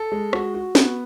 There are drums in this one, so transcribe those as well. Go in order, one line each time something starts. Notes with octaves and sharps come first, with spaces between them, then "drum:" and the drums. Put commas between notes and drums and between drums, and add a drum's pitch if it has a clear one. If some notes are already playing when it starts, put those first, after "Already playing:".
Already playing: A4
G#3
F#4, drum: rim click
F#4
B3, drum: snare